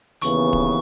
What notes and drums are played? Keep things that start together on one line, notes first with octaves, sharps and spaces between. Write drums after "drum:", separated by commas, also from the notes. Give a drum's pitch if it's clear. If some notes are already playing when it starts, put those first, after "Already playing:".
D#2 C#3 E3 B3 C#6, drum: hi-hat
drum: kick